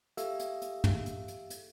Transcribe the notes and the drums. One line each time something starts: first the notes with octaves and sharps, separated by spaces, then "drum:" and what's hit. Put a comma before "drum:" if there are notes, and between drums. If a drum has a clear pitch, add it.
G4 A4 E5 F5 E6, drum: hi-hat
drum: hi-hat
drum: hi-hat
drum: tom
drum: hi-hat
drum: hi-hat
drum: hi-hat